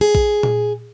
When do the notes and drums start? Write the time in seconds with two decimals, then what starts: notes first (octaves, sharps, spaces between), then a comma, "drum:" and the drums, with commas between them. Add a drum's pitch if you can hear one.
0.01 G#4
0.15 drum: kick A#1
0.43 drum: tom A#2